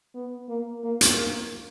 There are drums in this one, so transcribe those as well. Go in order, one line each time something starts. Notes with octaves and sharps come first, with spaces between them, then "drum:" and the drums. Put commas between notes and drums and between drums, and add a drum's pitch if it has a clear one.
B3
A#3
A#3
drum: hi-hat
A#3